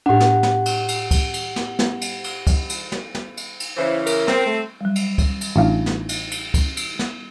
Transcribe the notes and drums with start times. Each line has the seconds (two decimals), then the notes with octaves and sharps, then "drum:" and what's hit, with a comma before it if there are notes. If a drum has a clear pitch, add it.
0.06 A2 D4 G4 F#5
0.20 drum: snare
0.43 drum: snare
0.66 drum: cymbal
0.88 drum: cymbal
1.11 drum: kick, cymbal
1.34 drum: cymbal
1.56 drum: snare
1.79 drum: snare
2.01 drum: cymbal
2.24 drum: cymbal
2.47 drum: kick, cymbal
2.69 drum: cymbal
2.92 drum: snare
3.15 drum: snare
3.37 drum: cymbal
3.60 drum: cymbal
3.77 C#3 E3 C5
4.06 A#4, drum: cymbal
4.28 C4, drum: snare
4.46 A3
4.81 F#3 G3
4.96 drum: cymbal
5.18 drum: kick, cymbal
5.41 drum: cymbal
5.56 A1 D4 D#4 F4 F5
5.86 drum: snare
6.09 drum: cymbal
6.31 drum: cymbal
6.54 drum: kick, cymbal
6.77 drum: cymbal
6.99 drum: snare